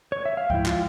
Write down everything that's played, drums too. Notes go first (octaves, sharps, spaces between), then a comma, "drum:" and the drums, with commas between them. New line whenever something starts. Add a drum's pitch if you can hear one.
C#5
E5
F5
G#2 F3 E4 G5, drum: kick
F4 F5, drum: clap